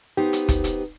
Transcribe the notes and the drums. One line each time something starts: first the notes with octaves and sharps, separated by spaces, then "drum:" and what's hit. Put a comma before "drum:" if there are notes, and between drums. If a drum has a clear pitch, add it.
B3 D#4 G4 C5
drum: hi-hat
drum: kick, hi-hat
drum: hi-hat